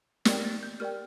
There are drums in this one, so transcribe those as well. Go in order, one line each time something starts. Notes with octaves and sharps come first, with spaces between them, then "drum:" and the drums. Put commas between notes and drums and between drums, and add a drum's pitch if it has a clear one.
G4 A#4 D5 G5 F6, drum: snare
A#6
A6
G6
G4 A#4 D5 G5 F6